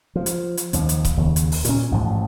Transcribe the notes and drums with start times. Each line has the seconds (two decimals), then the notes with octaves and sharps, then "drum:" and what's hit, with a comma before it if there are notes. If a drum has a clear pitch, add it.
0.15 F3
0.26 drum: hi-hat
0.57 drum: hi-hat
0.73 D#2 F3, drum: hi-hat
0.89 drum: hi-hat
1.05 drum: kick C#1, hi-hat
1.17 D#2 C#3
1.36 drum: hi-hat
1.52 drum: open hi-hat
1.65 A#2 C#4, drum: hi-hat
1.91 A1 G#2 F3